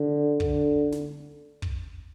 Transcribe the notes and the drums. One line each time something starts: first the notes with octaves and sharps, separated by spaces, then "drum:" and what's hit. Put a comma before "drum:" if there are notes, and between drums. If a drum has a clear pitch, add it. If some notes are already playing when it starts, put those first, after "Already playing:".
Already playing: D3
D3, drum: kick
drum: snare
drum: kick